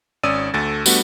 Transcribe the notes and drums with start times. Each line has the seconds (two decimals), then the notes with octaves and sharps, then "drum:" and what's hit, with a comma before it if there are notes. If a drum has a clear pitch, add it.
0.23 G#1 C#4 D5 D#6 E6 D#7
0.54 D2 A3 A6
0.86 G3 A3 B3 D4 F#4, drum: tambourine